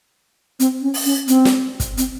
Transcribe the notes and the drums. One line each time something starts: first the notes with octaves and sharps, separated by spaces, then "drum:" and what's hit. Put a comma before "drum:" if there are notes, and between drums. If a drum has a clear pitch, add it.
C4, drum: hi-hat
C#4
drum: open hi-hat
C#4
C4, drum: hi-hat
drum: snare
drum: kick, hi-hat
C4, drum: hi-hat